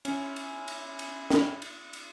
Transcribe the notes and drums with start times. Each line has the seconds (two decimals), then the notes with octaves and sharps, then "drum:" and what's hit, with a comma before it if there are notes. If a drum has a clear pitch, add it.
0.05 C#4 E4, drum: cymbal
0.36 drum: cymbal
0.68 drum: cymbal
0.99 drum: cymbal
1.30 drum: snare
1.62 drum: cymbal
1.93 drum: cymbal